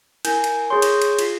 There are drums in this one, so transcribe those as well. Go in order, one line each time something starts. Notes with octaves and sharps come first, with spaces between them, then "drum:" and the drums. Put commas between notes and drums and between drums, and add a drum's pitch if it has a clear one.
E4 A#4 G#5 G6, drum: cymbal
drum: cymbal
G#4 C#5 C6 C#6 G6
drum: cymbal
drum: cymbal
F4 B6 C7, drum: cymbal